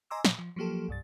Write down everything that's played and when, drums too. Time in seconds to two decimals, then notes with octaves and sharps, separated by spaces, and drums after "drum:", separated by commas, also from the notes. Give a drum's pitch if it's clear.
0.10 D#5 G#5 A#5 C6 D6 E6
0.25 A#2 B5, drum: snare
0.39 F3
0.56 F3 F#3 A#3 G4 A4
0.88 C2 G2 A6